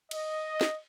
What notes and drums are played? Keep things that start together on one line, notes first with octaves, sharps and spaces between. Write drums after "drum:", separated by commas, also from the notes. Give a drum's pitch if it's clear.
D#5, drum: cymbal
drum: snare